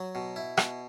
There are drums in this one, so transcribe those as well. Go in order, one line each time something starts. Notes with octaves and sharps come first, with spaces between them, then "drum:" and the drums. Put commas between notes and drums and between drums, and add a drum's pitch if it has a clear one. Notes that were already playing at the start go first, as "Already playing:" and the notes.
Already playing: F#3
B2
E4
B2, drum: rim click